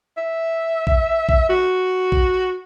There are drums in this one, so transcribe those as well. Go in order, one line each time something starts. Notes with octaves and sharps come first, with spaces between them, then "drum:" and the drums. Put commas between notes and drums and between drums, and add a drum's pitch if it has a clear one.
E5
drum: kick A#1
drum: kick A#1
F#4
drum: kick A#1